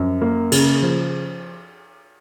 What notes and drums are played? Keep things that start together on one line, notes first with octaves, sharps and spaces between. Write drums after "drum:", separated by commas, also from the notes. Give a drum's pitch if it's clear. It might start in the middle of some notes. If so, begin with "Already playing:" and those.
Already playing: F#2 F3
A#3
C#3, drum: cymbal
F3